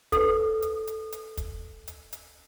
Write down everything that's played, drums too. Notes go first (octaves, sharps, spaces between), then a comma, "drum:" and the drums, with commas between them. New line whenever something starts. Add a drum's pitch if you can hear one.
A4 B4, drum: kick, hi-hat
drum: hi-hat
drum: hi-hat
drum: hi-hat
drum: kick, hi-hat
drum: hi-hat
drum: hi-hat